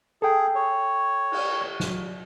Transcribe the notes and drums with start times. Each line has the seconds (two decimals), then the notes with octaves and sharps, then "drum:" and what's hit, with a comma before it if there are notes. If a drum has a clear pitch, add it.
0.22 G#4 A4 G5
0.55 C#5
1.32 drum: cymbal
1.80 drum: snare